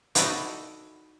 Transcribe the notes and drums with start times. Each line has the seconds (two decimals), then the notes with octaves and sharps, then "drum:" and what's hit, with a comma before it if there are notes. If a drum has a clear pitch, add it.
0.15 D#4 E4 F#4 A4 D5 D#5, drum: hi-hat